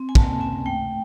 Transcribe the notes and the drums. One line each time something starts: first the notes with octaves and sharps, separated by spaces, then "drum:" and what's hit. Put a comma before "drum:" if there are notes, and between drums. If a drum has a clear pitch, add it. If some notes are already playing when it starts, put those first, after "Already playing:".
Already playing: C4
G#5
A#3 A5, drum: kick
C#4 G#5
A3 G5